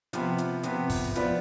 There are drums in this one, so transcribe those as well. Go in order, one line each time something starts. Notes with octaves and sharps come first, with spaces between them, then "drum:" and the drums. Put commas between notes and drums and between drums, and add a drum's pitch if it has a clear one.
C3 F3 B3, drum: hi-hat
drum: hi-hat
C3 F3 B3, drum: hi-hat
drum: kick, open hi-hat
F3 B3 F4 B4 D5, drum: hi-hat